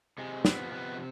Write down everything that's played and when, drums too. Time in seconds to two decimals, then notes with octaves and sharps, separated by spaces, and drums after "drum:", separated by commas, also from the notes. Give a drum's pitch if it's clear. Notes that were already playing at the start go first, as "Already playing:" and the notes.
0.18 C3 G#3
0.45 F3 B3, drum: snare
0.71 C3 B3